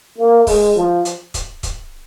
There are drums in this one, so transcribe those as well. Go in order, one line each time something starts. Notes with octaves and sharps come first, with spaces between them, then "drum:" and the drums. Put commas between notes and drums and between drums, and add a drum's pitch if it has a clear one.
A#3
G#3, drum: kick C#1, open hi-hat
F3
drum: hi-hat
drum: kick C#1, hi-hat
drum: kick C#1, hi-hat